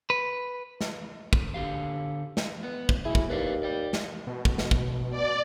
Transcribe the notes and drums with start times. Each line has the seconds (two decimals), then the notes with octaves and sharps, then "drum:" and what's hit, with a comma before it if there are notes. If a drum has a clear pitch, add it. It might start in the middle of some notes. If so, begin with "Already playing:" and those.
0.10 B4
0.81 drum: snare
1.33 drum: kick
1.54 D3 G4 F5
2.37 drum: snare
2.63 B3
2.89 drum: kick
3.05 B2 E4 G#4
3.15 drum: kick
3.30 D#2 B4 D5 F5
3.63 D5 G5
3.93 drum: snare
4.27 B2
4.45 drum: kick
4.58 drum: snare
4.71 drum: kick
5.10 D5